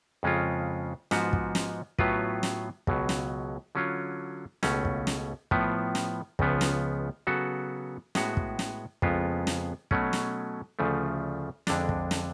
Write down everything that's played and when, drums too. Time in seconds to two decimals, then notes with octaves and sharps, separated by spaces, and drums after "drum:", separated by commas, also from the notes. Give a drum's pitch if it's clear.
0.23 F2 C#3 G#3 C#4 F4
1.11 G#2 F3 B3 F#4, drum: snare
1.33 drum: kick
1.55 drum: snare
1.99 A2 F#3 B3 F4 B4, drum: kick
2.43 drum: snare
2.87 C#2 B2 F#3, drum: kick
3.09 drum: snare
3.75 D3 F#3 C#4 F4
4.63 C#2 B2 A3 C#4, drum: snare
4.85 drum: kick
5.07 drum: snare
5.51 A2 F3 B3, drum: kick
5.95 drum: snare
6.39 C#2 C#3 F3 B3, drum: kick
6.61 drum: snare
7.27 C#3 F#3 B3 F#4 A4
8.15 A2 G#3 B3 F#4, drum: snare
8.37 drum: kick
8.59 drum: snare
9.02 F2 C#3 G#3 B3 F4, drum: kick
9.47 drum: snare
9.91 B2 F#3 A3 C#4, drum: kick
10.13 drum: snare
10.79 D2 C#3 F3 A3
11.67 F2 D3 G#3 D4, drum: snare
11.89 drum: kick
12.11 drum: snare